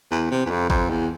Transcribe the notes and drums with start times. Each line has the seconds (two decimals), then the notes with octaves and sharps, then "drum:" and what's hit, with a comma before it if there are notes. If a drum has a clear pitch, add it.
0.11 E2
0.31 C3
0.46 E2
0.50 F2
0.70 F2, drum: kick A1
0.90 E2